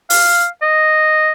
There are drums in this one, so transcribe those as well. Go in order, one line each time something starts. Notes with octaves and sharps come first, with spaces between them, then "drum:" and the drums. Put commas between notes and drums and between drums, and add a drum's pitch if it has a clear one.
F5, drum: open hi-hat
D#5